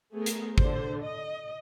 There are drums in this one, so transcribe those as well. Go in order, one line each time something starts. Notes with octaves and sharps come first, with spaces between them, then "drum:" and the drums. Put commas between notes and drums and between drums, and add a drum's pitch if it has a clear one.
A3 B3 G#4 A#4
drum: hi-hat
D3 D4 C5, drum: kick G#1
D#5